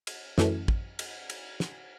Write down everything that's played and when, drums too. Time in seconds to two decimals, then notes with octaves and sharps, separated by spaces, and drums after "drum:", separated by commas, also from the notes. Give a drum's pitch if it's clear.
0.07 drum: cymbal
0.38 F#2 E3 A3, drum: snare
0.68 drum: kick
0.99 drum: cymbal
1.30 drum: cymbal
1.60 drum: snare